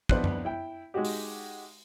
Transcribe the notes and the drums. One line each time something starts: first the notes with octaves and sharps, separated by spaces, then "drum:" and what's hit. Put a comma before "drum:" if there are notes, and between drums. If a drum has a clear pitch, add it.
F2 B3 D4 E4 C5 F#6, drum: kick
drum: tom F#2
E4 G5
G#3 D#4 F#4 G4
drum: open hi-hat